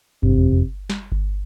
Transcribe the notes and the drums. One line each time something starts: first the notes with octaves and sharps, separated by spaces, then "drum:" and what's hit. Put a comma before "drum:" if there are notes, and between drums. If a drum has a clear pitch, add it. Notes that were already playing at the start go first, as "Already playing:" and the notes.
G2 C3, drum: kick G1
F2
F2
drum: snare
drum: kick G1